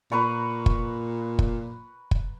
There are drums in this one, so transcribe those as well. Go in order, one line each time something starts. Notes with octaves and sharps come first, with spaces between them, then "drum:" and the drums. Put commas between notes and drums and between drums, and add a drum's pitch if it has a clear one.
A#2 B4 A#5 C#6
drum: kick
drum: kick
drum: kick